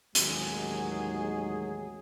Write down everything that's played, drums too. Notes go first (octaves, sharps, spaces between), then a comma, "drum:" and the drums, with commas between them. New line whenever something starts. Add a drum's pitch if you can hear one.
A1 D#2 D#3 F#3 G#3 G#4, drum: hi-hat